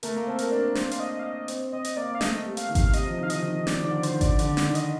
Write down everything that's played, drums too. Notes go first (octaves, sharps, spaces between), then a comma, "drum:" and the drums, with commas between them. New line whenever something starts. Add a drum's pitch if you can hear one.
A3 A#4, drum: hi-hat
A#3
C4 A4
A#4, drum: hi-hat
D4
C5, drum: snare
F5, drum: hi-hat
D#5
F5
D#5
C4, drum: hi-hat
C4 D#5
drum: hi-hat
A#3 D5
F5
A3 D#5, drum: snare
G3
F5, drum: hi-hat
D#3
F5, drum: kick G#1, hi-hat
F5
C3 D#5, drum: hi-hat
F3
D#3 F5
F3 D#5, drum: hi-hat
D#3
D5, drum: snare
D#3 D5
D3
D#3 C5, drum: hi-hat
D3
D5, drum: kick G#1, hi-hat
D3 D5, drum: hi-hat
D5, drum: snare
D#3
D#5, drum: hi-hat